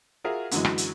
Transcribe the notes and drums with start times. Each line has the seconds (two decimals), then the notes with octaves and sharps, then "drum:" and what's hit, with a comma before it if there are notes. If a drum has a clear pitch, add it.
0.24 F4 F#4 G#4 A#4 E5 F5
0.51 F#2 D3 E3 F#3 G#3, drum: hi-hat
0.65 drum: rim click
0.78 drum: hi-hat